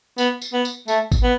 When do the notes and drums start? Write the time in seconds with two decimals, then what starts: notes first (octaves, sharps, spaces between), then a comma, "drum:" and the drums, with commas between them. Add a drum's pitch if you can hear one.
0.18 B3, drum: tambourine
0.42 drum: tambourine
0.53 B3
0.65 drum: tambourine
0.88 A3, drum: tambourine
1.12 drum: kick G#1, tambourine
1.23 B3